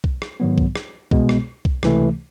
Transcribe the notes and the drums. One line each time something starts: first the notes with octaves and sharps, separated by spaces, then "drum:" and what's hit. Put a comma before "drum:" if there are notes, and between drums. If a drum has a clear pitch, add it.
drum: kick B1
drum: rim click
G#2 D#3 F#3 B3
drum: kick B1
drum: rim click
C2 B2 G#3 B3, drum: kick B1
drum: rim click
drum: kick B1
C#2 C3 E3 A3, drum: rim click